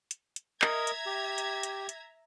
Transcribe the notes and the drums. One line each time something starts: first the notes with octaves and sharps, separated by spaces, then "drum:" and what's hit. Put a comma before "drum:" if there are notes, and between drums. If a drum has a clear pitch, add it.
drum: hi-hat
drum: hi-hat
A#4 D#5 E5 A#5 G#6, drum: clap
drum: hi-hat
G4
drum: hi-hat
drum: hi-hat
drum: hi-hat